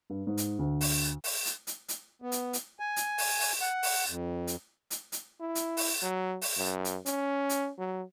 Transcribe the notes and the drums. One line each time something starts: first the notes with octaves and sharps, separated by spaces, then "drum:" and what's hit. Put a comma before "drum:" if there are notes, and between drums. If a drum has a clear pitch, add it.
G2
G#2
drum: hi-hat
D2
drum: open hi-hat
drum: open hi-hat
drum: hi-hat
drum: hi-hat
drum: hi-hat
B3
drum: hi-hat
drum: hi-hat
G#5
drum: hi-hat
drum: open hi-hat
drum: open hi-hat
F#5
drum: open hi-hat
F2
drum: hi-hat
drum: hi-hat
drum: hi-hat
E4
drum: hi-hat
drum: open hi-hat
F#3
drum: open hi-hat
F#2
drum: hi-hat
C#4, drum: hi-hat
drum: hi-hat
F#3